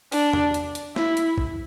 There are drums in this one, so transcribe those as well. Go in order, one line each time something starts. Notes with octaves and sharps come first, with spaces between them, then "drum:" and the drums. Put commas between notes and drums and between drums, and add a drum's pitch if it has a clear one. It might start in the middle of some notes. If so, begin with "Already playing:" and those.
D4, drum: open hi-hat
drum: tom E2
drum: hi-hat
drum: hi-hat
E4, drum: snare
drum: hi-hat
drum: kick